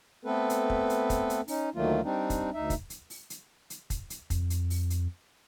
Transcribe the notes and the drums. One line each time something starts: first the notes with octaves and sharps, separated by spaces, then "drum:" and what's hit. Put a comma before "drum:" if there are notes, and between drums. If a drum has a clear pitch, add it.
A3 B3 C4 A4 B4
drum: hi-hat
drum: kick
drum: hi-hat
drum: kick, hi-hat
drum: hi-hat
C#4 D#4, drum: open hi-hat
D2 D#3 F#3 A3 A#3 F4
G3 C4 D4 D#4
drum: kick, hi-hat
D2 D#4 E5
drum: kick, hi-hat
drum: hi-hat
drum: open hi-hat
drum: hi-hat
drum: hi-hat
drum: kick, hi-hat
drum: hi-hat
F2, drum: kick, hi-hat
drum: hi-hat
drum: open hi-hat
drum: hi-hat